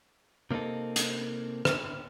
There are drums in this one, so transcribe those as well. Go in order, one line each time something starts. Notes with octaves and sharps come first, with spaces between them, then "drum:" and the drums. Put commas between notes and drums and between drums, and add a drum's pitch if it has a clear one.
C3 A#3 C4 D#4 A4
drum: hi-hat
drum: rim click